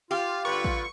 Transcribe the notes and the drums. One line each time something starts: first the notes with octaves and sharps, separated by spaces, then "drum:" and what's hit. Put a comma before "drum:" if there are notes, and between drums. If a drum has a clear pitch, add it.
F4 G4 F5
G2 D3 B4 C#6
drum: kick A1